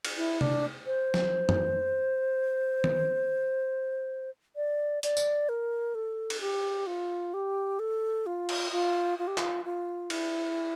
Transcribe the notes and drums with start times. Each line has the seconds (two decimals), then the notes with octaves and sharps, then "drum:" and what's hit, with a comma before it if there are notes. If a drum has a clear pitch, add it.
0.05 drum: cymbal
0.17 E4
0.41 D4, drum: tom C3
0.86 C5
1.14 drum: snare
1.49 drum: tom F#2
2.84 drum: tom D#3
4.56 D5
5.03 D5, drum: hi-hat
5.17 drum: tambourine
5.49 A#4
5.95 A4
6.30 drum: cymbal
6.41 G4
6.87 F4
7.34 G4
7.79 A4
8.26 F4
8.49 drum: cymbal
8.72 F4
9.19 F4
9.27 G4
9.38 F4, drum: clap
9.65 F4
10.10 E4, drum: cymbal